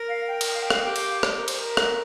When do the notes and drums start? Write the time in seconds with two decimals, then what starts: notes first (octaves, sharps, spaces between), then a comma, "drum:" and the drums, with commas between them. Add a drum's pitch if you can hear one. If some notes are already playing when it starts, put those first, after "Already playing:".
Already playing: A#4
0.09 F5
0.28 G5
0.41 drum: cymbal
0.54 F5
0.62 G5
0.70 F5, drum: rim click
0.81 G4 G5
0.96 F5, drum: cymbal
1.09 F5
1.23 D5, drum: rim click
1.36 A#4
1.48 C5, drum: cymbal
1.59 A#4
1.77 drum: rim click